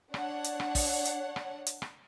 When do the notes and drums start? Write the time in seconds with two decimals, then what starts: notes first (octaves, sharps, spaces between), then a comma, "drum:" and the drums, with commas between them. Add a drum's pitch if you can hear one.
0.14 D4 C#5 F#5, drum: rim click
0.44 drum: hi-hat
0.60 drum: rim click
0.75 drum: kick, open hi-hat
1.05 drum: hi-hat
1.36 drum: rim click
1.66 drum: hi-hat
1.82 drum: rim click